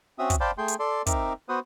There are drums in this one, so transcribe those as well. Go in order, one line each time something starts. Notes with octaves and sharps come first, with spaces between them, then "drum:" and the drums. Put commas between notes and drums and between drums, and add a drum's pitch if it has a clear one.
C4 C#4 F#4 E5 D#6
drum: kick, hi-hat
C5 D5 F5 G5 A5 B5
A3 G#4 G5 C6
drum: hi-hat
A4 D5 C6
C4 D#4 A#4 E5 D6, drum: kick, hi-hat
B3 F#4 B4 C5 D#6